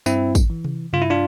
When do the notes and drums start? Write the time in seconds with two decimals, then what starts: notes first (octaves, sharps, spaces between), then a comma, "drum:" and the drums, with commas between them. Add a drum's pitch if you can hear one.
0.06 G2 C4 E4, drum: tambourine
0.35 drum: kick, tambourine
0.50 E3
0.64 drum: tom C3
0.93 G2 F4, drum: tom C3
1.02 E4
1.10 D4 F4